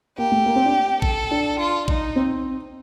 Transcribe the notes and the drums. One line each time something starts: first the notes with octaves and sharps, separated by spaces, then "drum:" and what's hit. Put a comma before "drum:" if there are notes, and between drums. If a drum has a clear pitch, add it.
A#3 G4
A3
A#3
C4
D4
A4, drum: kick A1
D4
F4
D#4, drum: kick A1
C4